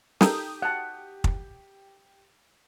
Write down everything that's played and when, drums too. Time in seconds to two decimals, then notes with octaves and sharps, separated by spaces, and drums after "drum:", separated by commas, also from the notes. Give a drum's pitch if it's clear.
0.21 D#4 G4 A4 A#4 D#6 G6, drum: snare
0.62 F#5 A5
1.24 drum: kick